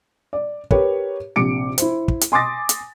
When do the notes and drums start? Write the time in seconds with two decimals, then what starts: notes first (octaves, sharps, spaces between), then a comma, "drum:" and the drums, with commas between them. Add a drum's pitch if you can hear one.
0.33 D5
0.71 G4 A#4 B4 C#5, drum: kick
1.36 A#1 C3 D6 C#7 D7
1.78 E4 C5, drum: hi-hat
2.08 drum: kick
2.21 drum: hi-hat
2.32 G#5 C6 D6 D#6 A6 A#6
2.69 drum: hi-hat